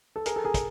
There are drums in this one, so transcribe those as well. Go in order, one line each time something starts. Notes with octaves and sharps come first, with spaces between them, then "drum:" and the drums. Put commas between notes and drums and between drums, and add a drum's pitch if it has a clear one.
A4
G#4 A#4, drum: hi-hat
A4
G#4 A#4
drum: kick, hi-hat